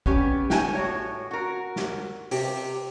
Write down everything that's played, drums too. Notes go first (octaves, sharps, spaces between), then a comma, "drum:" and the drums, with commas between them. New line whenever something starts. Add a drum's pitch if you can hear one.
B3 C#4 G4, drum: kick
G5 G#5, drum: snare
A2 F#4 C#5
F#4 A#4
drum: snare
C3 G4, drum: open hi-hat